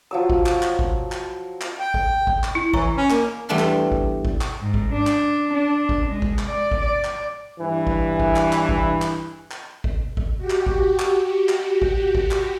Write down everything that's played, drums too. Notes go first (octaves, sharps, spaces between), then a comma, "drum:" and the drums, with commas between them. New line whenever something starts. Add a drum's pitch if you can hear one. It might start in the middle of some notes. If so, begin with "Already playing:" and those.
F3 F#3 E6
drum: kick G#1
drum: clap
drum: clap
drum: kick G#1
drum: clap
drum: clap
G5
drum: kick G#1
drum: kick G#1
drum: clap
E4
E3 C#5 A#5 C#6, drum: kick G#1
C#4
A#3, drum: clap
E2 G3 A3 B3 D4 C6
drum: clap
drum: kick G#1
drum: kick G#1
drum: clap
G#2
drum: kick G#1
D4
drum: clap
D4
drum: kick G#1
G#3
drum: kick G#1
drum: clap
D5
drum: kick G#1
D5
drum: clap
G2 E3
drum: kick G#1
drum: kick G#1
drum: clap
drum: clap
drum: kick G#1
drum: clap
drum: clap
drum: kick G#1
drum: kick G#1
F#4 G4
drum: clap
drum: kick G#1
drum: clap
drum: clap
drum: kick G#1
drum: kick G#1
drum: clap